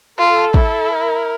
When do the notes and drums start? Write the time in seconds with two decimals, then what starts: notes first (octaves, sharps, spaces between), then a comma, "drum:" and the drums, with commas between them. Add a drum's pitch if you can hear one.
0.18 F4 A4
0.54 E4, drum: kick
0.91 A#4